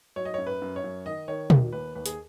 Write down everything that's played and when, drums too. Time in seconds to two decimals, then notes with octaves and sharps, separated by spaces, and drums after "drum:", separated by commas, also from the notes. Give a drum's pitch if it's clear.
0.16 F#3 C#5
0.25 D#5
0.34 F#2 C#5
0.47 B4
0.62 F#2
0.76 C#5
0.84 F#2
1.06 D#3 D#5
1.28 D#3 C#5
1.50 D#2, drum: tom
1.72 D#2 B4
1.95 D#2 B4
2.06 G#4, drum: hi-hat